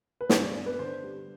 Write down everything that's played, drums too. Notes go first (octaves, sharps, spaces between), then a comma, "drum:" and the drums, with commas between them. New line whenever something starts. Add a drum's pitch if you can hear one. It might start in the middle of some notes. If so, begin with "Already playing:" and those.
B4
G2 C5, drum: snare
D5
B3 D5
B4
D3 C5
G3